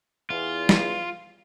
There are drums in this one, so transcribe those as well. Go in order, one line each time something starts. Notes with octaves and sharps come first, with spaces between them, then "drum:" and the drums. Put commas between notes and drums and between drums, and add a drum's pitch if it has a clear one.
E2 F4
drum: snare